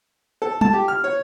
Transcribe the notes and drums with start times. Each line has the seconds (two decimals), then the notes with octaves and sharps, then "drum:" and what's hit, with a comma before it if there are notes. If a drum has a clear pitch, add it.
0.42 A4
0.61 A5, drum: tom
0.73 G4
0.88 F6
1.04 C#5